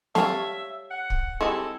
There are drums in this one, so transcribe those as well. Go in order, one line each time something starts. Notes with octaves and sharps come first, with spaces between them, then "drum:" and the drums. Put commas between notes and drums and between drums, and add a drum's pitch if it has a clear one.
G3 A3 A4 C#5 E5 F5, drum: snare
F#5
drum: kick
G3 G#3 C4 E4 A4 D#5